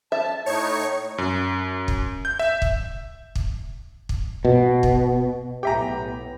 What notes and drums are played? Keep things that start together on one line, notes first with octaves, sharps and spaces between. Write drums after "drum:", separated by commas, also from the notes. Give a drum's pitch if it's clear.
E5 A5
A2 A3 D#4 C#5 C#6
F#2
drum: kick
G6
E5
drum: kick
drum: kick
drum: kick
B2
drum: kick
B1 A2 B3 G4 E5 G5 G#5 A#5